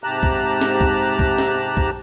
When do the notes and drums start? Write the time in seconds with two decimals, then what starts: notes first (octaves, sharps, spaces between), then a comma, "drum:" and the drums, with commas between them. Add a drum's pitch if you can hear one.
0.04 G#2 C3 G4 A5 A#5 F#6
0.23 drum: kick B1
0.61 drum: snare
0.81 drum: kick B1
1.19 drum: kick B1
1.38 drum: snare
1.77 drum: kick B1